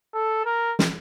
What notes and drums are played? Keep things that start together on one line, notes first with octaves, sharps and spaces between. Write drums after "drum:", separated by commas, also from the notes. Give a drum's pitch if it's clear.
A4
A#4
drum: snare